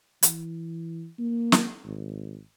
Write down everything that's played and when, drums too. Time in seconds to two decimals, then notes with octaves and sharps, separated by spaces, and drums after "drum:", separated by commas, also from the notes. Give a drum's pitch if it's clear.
0.23 E3, drum: hi-hat
1.19 A#3
1.52 drum: snare
1.85 G#1